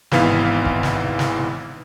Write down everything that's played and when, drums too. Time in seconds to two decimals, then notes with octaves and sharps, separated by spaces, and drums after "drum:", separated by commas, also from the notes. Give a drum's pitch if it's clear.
0.11 G#1 G#2 E3 B3 F5 B6, drum: snare
0.65 drum: kick E1
0.83 drum: snare
1.19 drum: snare